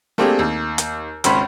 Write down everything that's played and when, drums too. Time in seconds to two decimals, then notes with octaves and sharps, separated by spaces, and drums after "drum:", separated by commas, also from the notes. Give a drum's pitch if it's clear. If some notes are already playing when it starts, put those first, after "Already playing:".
0.18 A3 A#3 C4 D4 G4 G#4
0.39 D#2
0.78 drum: hi-hat
1.24 G#1 C#2 C#4 C5 C#5 B5, drum: hi-hat